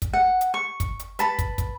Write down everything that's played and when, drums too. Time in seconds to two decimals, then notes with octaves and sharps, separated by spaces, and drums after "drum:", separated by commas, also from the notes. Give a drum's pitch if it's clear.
0.02 drum: kick, hi-hat
0.13 F#5
0.41 drum: hi-hat
0.54 C#6
0.80 drum: kick, hi-hat
0.99 drum: hi-hat
1.19 B4 A5 B5, drum: hi-hat
1.39 drum: kick, hi-hat
1.58 drum: kick, hi-hat